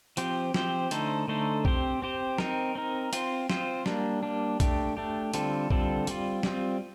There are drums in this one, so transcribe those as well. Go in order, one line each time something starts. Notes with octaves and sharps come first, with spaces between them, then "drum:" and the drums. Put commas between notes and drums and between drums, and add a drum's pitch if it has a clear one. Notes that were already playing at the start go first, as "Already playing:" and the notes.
F3 C4 G4 C5, drum: hi-hat
F3 C4 G4 C5, drum: snare
D3 A3 D#4 A4 C5, drum: hi-hat
D3 A3 D#4 A4 C5
C4 G4 C5, drum: kick A#1
C4 G4 C5
C4 D#4 A#4, drum: snare
C4 D#4 A#4
C4 F4 C5, drum: hi-hat
C4 F4 C5, drum: snare
G3 A#3 D4, drum: snare
G3 A#3 D4
A3 D4 G4, drum: kick A#1, hi-hat
A3 D4 G4
D3 G3 C4 F4 A4, drum: hi-hat
D3 G3 C4 F4 A4, drum: kick A#1
G3 C4 F4, drum: hi-hat
G3 C4 F4, drum: snare